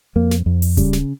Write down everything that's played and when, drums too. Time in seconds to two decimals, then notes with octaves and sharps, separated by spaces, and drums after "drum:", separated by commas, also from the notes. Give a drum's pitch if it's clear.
0.16 F2 A#3
0.31 drum: snare
0.46 F2
0.62 drum: open hi-hat
0.77 C#3 G3, drum: kick D1, hi-hat
0.93 drum: snare